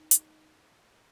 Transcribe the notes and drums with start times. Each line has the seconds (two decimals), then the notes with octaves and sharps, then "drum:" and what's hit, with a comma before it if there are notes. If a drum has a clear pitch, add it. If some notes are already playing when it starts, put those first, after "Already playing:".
Already playing: D#4
0.11 drum: hi-hat